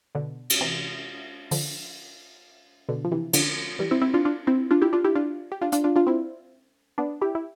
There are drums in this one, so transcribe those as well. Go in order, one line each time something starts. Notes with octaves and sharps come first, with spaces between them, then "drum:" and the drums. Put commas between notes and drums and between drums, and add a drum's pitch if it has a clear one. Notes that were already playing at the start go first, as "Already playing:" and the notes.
B2 D3
drum: cymbal
C3 E3
D3 F3, drum: open hi-hat
B2 D3
F3
C3 E3
D3 F3, drum: cymbal
E3 G3
C4 E4
C4 E4
D4 F4
D4 F4
C4 E4
D4 F4
E4 G4
D4 F4
E4 G4
D4 F4
G4
D4 F4
D4 F4, drum: hi-hat
D4 F4
D4 F4
C4 E4
B3 D4
E4 G4
E4